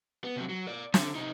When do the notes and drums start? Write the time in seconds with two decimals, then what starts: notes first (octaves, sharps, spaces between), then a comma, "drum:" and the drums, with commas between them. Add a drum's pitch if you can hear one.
0.24 B3
0.36 C3 F#3
0.49 F#3
0.67 A#4 D5
0.94 D3, drum: snare
1.15 C3 D#4